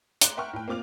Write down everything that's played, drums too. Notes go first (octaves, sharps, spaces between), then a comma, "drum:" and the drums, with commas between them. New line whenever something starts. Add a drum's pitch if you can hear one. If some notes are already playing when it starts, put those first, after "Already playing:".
A#5 C6 D6 F#6, drum: hi-hat
E5 F#5 G5 A#5 C#6 F6
A2 G5
A#3 C4 F4 D6 F6 F7